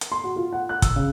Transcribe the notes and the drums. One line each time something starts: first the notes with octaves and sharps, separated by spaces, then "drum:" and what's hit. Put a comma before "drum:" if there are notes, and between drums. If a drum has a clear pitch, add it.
drum: hi-hat
C6
F#4
F4
F#5
F#6
E6, drum: kick, hi-hat
C#3